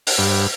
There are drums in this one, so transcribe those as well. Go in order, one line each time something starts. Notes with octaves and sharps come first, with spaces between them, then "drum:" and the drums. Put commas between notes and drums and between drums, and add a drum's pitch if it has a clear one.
drum: open hi-hat
G2